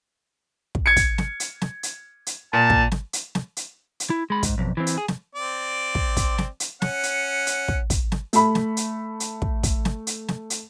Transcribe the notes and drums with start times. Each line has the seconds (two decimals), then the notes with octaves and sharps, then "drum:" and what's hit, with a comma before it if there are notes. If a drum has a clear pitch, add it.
0.75 drum: kick
0.86 G#6 C#7
0.96 drum: kick, hi-hat
1.18 drum: snare
1.40 drum: hi-hat
1.61 drum: snare
1.83 drum: hi-hat
2.27 drum: hi-hat
2.53 A#2 A5
2.70 drum: kick
2.92 drum: snare
3.13 drum: hi-hat
3.35 drum: snare
3.57 drum: hi-hat
4.00 drum: hi-hat
4.10 E4
4.30 G#3 B5
4.43 G#2, drum: kick, hi-hat
4.58 B1 F2
4.77 E3 C4
4.87 drum: hi-hat
4.98 G#4
5.08 drum: snare
5.35 C4 D5
5.95 drum: kick
6.17 drum: kick, hi-hat
6.38 drum: snare
6.60 drum: hi-hat
6.82 C#4 F#5, drum: snare
7.03 drum: hi-hat
7.47 drum: hi-hat
7.68 drum: kick
7.90 drum: kick, hi-hat
8.12 drum: snare
8.33 A3 B5, drum: hi-hat
8.55 drum: snare
8.77 drum: hi-hat
9.20 drum: hi-hat
9.42 drum: kick
9.63 drum: kick, hi-hat
9.85 drum: snare
10.07 drum: hi-hat
10.28 drum: snare
10.50 drum: hi-hat